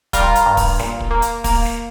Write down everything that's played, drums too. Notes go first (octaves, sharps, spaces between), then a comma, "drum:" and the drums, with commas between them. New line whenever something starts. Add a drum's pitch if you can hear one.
G3 F4 A#4, drum: kick, hi-hat
drum: hi-hat
G2
drum: kick, open hi-hat
A#2, drum: snare
drum: kick
A#3
drum: hi-hat
A#3, drum: kick, open hi-hat
drum: snare